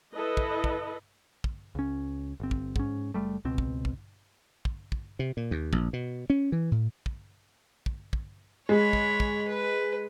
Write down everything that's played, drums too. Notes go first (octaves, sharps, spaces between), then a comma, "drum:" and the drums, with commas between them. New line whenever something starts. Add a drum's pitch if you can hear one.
E4 A4 B4 D#5
drum: kick
drum: kick
drum: kick
C#2 C#4
G1 C4
drum: kick
G#2 C#4, drum: kick
F#1 G3 A3
C#2 B2 C4
drum: kick
drum: kick
drum: kick
drum: kick
C3
A#2
D#2
A#1, drum: kick
B2
C#4
E3
A2
drum: kick
drum: kick
drum: kick
G#3 C#5 B5
drum: kick
drum: kick
B4